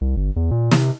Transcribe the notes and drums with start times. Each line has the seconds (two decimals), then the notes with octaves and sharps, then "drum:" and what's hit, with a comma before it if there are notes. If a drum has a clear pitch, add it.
0.01 C2
0.17 G1
0.36 E2
0.51 A#2
0.72 C3, drum: snare